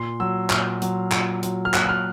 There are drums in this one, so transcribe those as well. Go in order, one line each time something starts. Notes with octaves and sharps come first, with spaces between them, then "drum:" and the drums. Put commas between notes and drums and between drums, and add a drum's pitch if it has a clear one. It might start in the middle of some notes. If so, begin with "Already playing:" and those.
Already playing: A#2 C6
F#3 E6
A#2 F6, drum: clap
F#3, drum: hi-hat
A#2, drum: clap
F#3, drum: hi-hat
F6
A#2 F#6, drum: clap
F#6
F6